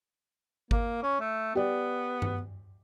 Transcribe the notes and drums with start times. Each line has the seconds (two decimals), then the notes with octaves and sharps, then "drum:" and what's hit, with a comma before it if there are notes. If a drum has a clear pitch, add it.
0.71 A#3, drum: kick G#1
1.03 C#4
1.20 A3
1.55 B3 G4 D5
2.22 drum: tom G2